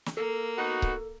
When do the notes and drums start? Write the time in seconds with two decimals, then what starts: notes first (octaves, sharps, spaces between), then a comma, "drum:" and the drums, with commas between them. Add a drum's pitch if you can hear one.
0.06 drum: snare
0.17 A#3 A4
0.57 B3 D#4 F#4
0.82 drum: kick C#1